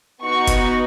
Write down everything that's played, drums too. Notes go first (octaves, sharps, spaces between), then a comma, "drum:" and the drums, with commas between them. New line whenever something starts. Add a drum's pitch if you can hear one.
B3 D#4 F#4 C#6
drum: kick F#1, hi-hat